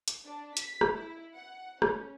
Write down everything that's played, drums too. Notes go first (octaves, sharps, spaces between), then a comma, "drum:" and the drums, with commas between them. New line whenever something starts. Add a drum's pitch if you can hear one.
drum: hi-hat
D4
B6, drum: hi-hat
drum: rim click
E4
F#5
C#4, drum: rim click